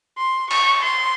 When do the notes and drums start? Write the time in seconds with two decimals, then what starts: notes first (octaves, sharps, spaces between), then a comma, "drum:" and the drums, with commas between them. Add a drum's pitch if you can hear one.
0.18 C6
0.51 C#6, drum: cymbal
0.83 C6